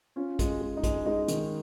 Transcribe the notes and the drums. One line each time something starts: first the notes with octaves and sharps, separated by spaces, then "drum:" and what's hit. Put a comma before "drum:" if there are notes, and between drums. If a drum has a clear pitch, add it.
C#4 F4
G#3, drum: kick, hi-hat
G#3
D#4
G#3, drum: kick, hi-hat
G#3 D#4
D#3, drum: hi-hat